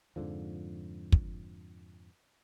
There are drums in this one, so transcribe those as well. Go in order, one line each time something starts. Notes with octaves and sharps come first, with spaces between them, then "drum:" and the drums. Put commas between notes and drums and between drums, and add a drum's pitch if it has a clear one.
F2 G#2 D3 F3
drum: kick